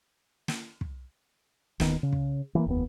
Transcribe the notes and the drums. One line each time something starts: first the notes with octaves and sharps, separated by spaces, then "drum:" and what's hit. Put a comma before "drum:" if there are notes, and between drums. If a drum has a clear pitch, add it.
drum: snare
drum: kick
D1 D#3 B3, drum: snare
C#3
drum: kick
E3 G#3 A#3
F1 D#2 B3